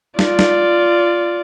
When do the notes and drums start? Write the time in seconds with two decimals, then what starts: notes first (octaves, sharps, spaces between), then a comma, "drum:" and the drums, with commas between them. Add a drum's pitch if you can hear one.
0.19 F4 D5, drum: snare
0.39 drum: snare